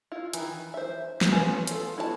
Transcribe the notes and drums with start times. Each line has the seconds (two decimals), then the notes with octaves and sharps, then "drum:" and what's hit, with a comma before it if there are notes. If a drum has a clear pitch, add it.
0.12 E4 F4
0.33 D#3 E3, drum: hi-hat
0.74 C5 E5
1.21 drum: snare
1.31 B3 C#4 E4 F4 B4
1.67 F4 A4, drum: hi-hat
1.97 B3 E4 F#4 D#5 A5